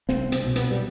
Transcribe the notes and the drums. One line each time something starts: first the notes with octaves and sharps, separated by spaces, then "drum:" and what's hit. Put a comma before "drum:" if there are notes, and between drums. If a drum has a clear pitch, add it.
C2 C4, drum: snare
C4, drum: hi-hat
B2
B3, drum: hi-hat
G3